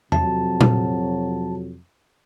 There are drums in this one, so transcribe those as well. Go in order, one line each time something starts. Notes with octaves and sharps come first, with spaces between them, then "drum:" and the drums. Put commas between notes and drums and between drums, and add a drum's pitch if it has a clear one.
F2 C3 F#3 A5, drum: tom E2
drum: tom A#2